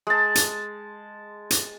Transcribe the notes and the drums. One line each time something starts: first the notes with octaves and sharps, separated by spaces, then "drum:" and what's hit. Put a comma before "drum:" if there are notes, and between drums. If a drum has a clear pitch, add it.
G#3 A5
drum: hi-hat
drum: hi-hat